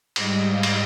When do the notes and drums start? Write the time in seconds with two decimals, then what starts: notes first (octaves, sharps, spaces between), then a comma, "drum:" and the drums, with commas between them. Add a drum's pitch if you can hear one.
0.16 G#2 G3 D#5, drum: cymbal
0.48 F5
0.63 drum: cymbal